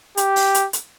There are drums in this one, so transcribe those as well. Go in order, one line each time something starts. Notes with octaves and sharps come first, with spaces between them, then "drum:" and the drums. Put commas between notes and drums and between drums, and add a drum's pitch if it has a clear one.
G4, drum: hi-hat
drum: open hi-hat
drum: hi-hat
drum: hi-hat